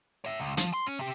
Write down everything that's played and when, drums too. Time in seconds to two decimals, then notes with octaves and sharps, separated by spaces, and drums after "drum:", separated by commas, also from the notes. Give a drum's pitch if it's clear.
0.25 C#5 E5
0.39 C#2
0.57 F3, drum: hi-hat
0.74 C6
0.87 C#4
0.99 C3 G4